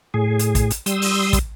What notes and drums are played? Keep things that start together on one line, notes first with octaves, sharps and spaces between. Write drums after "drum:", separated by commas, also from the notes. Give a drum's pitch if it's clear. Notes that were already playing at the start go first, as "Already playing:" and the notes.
A2 G#4
drum: hi-hat
drum: kick, hi-hat
drum: hi-hat
G3 C6 D#6 E6, drum: hi-hat
drum: open hi-hat
drum: kick, hi-hat